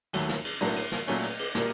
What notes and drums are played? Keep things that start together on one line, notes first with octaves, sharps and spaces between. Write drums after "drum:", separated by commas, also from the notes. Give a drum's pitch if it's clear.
D#2 D#3 F#3 A3, drum: cymbal
drum: snare
drum: cymbal
B1 A2 F#3 A#3 D4, drum: cymbal
drum: cymbal
drum: snare
A#2 F#3 A3 C#4, drum: cymbal
drum: cymbal
drum: cymbal
A#2 G3 A#3, drum: snare